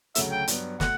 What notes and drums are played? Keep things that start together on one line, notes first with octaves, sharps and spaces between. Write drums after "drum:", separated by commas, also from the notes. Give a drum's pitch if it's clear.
D2 C#3 F#3 A3 E5, drum: hi-hat
G5
G2 F#3 B3, drum: hi-hat
B2 A3 F#5, drum: snare